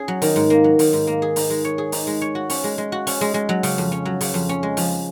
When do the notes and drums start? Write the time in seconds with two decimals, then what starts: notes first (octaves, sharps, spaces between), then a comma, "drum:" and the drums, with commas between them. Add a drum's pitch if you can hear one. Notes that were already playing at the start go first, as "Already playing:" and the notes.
Already playing: C#4 G#4
0.08 F#3
0.22 D#3, drum: open hi-hat
0.36 G#2
0.50 A#3
0.64 F#3
0.79 D#3, drum: open hi-hat
0.93 G#2
1.07 A#3
1.22 G#4
1.36 D#4, drum: open hi-hat
1.50 G#3
1.65 C#5
1.78 G#4
1.92 D#4, drum: open hi-hat
2.07 G#3
2.21 C#5
2.35 F#4
2.50 C#4, drum: open hi-hat
2.64 G#3
2.78 G#3
2.92 F#4
3.07 C#4, drum: open hi-hat
3.21 G#3
3.34 G#3
3.49 F#3
3.63 C#3, drum: open hi-hat
3.78 F2
3.92 C#4
4.05 F#3
4.21 C#3, drum: open hi-hat
4.34 F2
4.49 C#4
4.63 G#3
4.77 F3, drum: open hi-hat